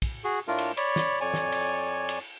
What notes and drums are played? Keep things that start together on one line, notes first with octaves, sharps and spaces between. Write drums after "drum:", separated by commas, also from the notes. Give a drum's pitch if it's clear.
drum: kick, cymbal
F#4 G#4
A2 A3 D4 F4 A#4
drum: cymbal
C#5 D5 B5, drum: cymbal
drum: snare
F2 C#5 D5 G#5
drum: snare
drum: cymbal
drum: cymbal